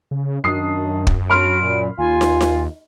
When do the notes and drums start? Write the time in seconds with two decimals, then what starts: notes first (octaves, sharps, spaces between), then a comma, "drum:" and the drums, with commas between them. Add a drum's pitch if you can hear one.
0.11 C#3
0.44 F#2 D#3 D4 D#6 C7
1.07 drum: kick
1.30 F#3 D4 F#4 B5 C6 F6 D7
1.62 A#2
1.98 D#2 F4 G#5
2.21 drum: snare
2.41 drum: snare